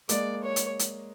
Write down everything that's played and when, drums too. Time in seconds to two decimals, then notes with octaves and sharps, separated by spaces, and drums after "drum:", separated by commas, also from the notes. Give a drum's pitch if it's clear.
0.09 G#3 A#3 D5, drum: hi-hat
0.44 C#5
0.56 drum: hi-hat
0.79 drum: hi-hat